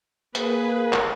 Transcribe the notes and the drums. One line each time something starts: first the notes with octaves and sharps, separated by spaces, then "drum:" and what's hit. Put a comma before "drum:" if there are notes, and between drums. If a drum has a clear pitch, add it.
A#3 G#4 B4, drum: hi-hat
drum: clap